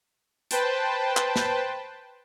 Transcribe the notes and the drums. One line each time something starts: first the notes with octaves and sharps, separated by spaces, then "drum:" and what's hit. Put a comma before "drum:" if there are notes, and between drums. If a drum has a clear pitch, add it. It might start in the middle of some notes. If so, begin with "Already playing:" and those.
B4 C5 G5 A5, drum: hi-hat
drum: clap
drum: snare